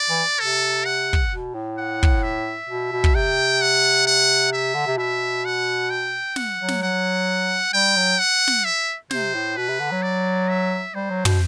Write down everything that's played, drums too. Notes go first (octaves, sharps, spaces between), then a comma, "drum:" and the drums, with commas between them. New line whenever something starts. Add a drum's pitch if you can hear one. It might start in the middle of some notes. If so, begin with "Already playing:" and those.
Already playing: D5
E3
C3 A4
F#5
drum: kick
B2
A2
F#5
drum: kick
E5
B2
B2
drum: kick
C3 G5
F#5
F#5
E5
D3
C3
B2 E5
F#5
G5
F#5, drum: snare
F#3
drum: snare
F#5
G3 G5
F#3
F#5
drum: snare
E5
C3 C5, drum: snare
A2
B2 B4
C3
D3
F#3
D5
E5
G3 C5
F#3
B2, drum: tom